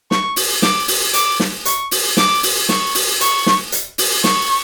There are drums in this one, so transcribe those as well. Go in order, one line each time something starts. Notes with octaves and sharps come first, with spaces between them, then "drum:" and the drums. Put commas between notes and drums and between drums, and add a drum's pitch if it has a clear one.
C#6, drum: snare
drum: open hi-hat
D6, drum: snare
drum: open hi-hat
D6, drum: hi-hat
drum: snare
C#6, drum: hi-hat
drum: open hi-hat
D6, drum: snare
drum: open hi-hat
C#6, drum: snare
drum: open hi-hat
C#6, drum: hi-hat
drum: snare
drum: hi-hat
drum: open hi-hat
C#6, drum: snare